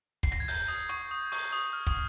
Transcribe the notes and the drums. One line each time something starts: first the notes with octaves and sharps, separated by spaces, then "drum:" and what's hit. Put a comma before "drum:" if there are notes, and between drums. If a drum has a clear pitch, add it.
C7, drum: kick, hi-hat
A#6, drum: hi-hat
G#6
G6, drum: open hi-hat
D#6
C#6, drum: hi-hat
D#6
C#6, drum: open hi-hat
D#6
F6
D#6, drum: kick, hi-hat